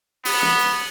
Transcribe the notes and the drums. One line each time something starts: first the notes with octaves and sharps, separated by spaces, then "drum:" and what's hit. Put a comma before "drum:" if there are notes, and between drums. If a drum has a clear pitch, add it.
B3, drum: open hi-hat
drum: snare
drum: hi-hat